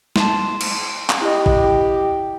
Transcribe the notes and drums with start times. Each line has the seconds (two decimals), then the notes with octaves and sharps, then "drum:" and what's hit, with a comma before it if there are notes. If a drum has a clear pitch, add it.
0.16 A5 C6, drum: snare
0.61 drum: cymbal
1.09 drum: clap
1.22 E4 G4 D#5
1.46 drum: kick